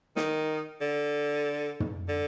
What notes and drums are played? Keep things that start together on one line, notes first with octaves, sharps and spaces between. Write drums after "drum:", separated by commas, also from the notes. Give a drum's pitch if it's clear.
D#3, drum: snare
D3
drum: tom
D3